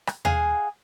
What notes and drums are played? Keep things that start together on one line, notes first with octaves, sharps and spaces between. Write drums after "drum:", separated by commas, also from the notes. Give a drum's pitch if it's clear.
drum: rim click
G#4 F5 F#5 G#5, drum: tom D#2